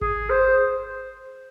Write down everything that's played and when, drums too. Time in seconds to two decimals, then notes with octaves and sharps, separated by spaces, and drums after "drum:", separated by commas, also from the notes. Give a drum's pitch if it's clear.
0.01 G#4, drum: kick G#1
0.30 C5